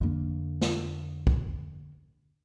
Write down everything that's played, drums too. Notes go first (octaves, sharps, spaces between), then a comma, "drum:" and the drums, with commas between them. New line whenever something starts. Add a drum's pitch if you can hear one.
F2 D3 A#3
drum: snare
drum: kick